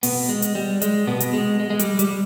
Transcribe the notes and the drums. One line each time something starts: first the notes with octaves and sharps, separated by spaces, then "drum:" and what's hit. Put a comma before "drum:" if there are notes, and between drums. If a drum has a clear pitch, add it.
B2 B3, drum: open hi-hat
G#3
drum: hi-hat
G3
G#3, drum: hi-hat
B2 B3
drum: hi-hat
G#3
G#3
G#3
G3, drum: hi-hat
G3, drum: hi-hat